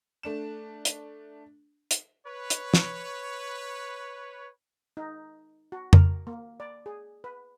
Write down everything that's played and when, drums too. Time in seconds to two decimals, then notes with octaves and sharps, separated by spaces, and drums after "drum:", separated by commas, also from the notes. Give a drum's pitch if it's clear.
0.23 A3 D4 E7
0.85 drum: hi-hat
1.91 drum: hi-hat
2.27 B4 C#5
2.50 drum: hi-hat
2.74 drum: snare
4.97 D#4
5.72 F#4
5.93 A#4, drum: tom F2
6.27 A#3
6.60 D5
6.86 G#4
7.24 B4